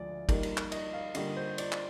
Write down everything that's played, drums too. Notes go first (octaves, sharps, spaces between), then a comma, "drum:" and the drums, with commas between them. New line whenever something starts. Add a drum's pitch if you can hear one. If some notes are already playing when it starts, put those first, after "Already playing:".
Already playing: D2 F3 G#3 D5
G3 A#3 D#4, drum: kick G1, cymbal
drum: cymbal
drum: clap
D#5, drum: cymbal
F5
D3 G3 A#3 D#5, drum: cymbal
C5
D5, drum: cymbal
drum: clap